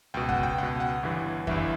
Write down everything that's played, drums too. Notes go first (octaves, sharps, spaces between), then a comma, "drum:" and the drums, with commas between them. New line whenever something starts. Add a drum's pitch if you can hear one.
C#2 B2 G5
F#5, drum: kick F2
G5
C#2 B2 F#5
F#5
G1 G2 E3
G1 G2 E3 E5, drum: kick F2